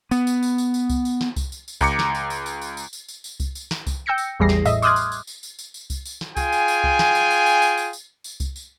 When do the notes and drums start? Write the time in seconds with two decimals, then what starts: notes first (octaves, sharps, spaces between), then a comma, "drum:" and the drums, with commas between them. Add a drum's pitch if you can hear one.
0.11 B3, drum: tambourine
0.27 drum: tambourine
0.43 drum: tambourine
0.58 drum: tambourine
0.74 drum: tambourine
0.90 drum: kick C2, tambourine
1.05 drum: tambourine
1.21 drum: snare
1.36 drum: kick C2, tambourine
1.52 drum: tambourine
1.68 drum: tambourine
1.81 C#2 A#5 D6 C#7, drum: kick C2, tambourine
1.99 drum: snare
2.15 drum: tambourine
2.30 drum: tambourine
2.46 drum: tambourine
2.62 drum: tambourine
2.77 drum: tambourine
2.93 drum: tambourine
3.08 drum: tambourine
3.24 drum: tambourine
3.40 drum: kick C2, tambourine
3.55 drum: tambourine
3.71 drum: snare
3.87 drum: kick C2, tambourine
4.06 G5 E6 G6 A#6 C#7
4.18 drum: tambourine
4.40 A1 E2 G3 G#4 A#6 C7
4.49 drum: snare
4.65 A2 D#5 E5, drum: tambourine
4.82 C6 D6 D#6 F6 F#6 G#6, drum: tambourine
4.96 drum: tambourine
5.12 drum: tambourine
5.27 drum: tambourine
5.43 drum: tambourine
5.59 drum: tambourine
5.74 drum: tambourine
5.90 drum: kick C2, tambourine
6.05 drum: tambourine
6.21 drum: snare
6.37 F4 G#4 G5 G#5, drum: kick C2, tambourine
6.52 drum: tambourine
6.68 drum: tambourine
6.84 drum: kick C2
6.99 drum: snare
7.15 drum: tambourine
7.31 drum: tambourine
7.46 drum: tambourine
7.62 drum: tambourine
7.77 drum: tambourine
7.93 drum: tambourine
8.24 drum: tambourine
8.40 drum: kick C2, tambourine
8.56 drum: tambourine